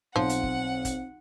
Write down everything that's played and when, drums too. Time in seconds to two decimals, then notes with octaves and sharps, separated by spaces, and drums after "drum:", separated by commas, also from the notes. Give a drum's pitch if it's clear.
0.16 B1 F3 C4 F#5
0.29 drum: hi-hat
0.43 drum: kick
0.85 drum: kick, hi-hat